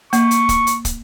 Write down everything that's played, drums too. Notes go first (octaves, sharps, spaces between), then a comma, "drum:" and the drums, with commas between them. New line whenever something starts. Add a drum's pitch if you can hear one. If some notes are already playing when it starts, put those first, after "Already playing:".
A#3 C#6, drum: hi-hat
drum: hi-hat
drum: kick, hi-hat
drum: hi-hat
drum: kick, hi-hat